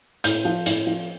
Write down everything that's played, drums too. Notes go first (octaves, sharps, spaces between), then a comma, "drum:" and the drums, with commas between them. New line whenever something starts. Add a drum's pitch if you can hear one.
A2 G6, drum: hi-hat
F3
A2, drum: hi-hat
F3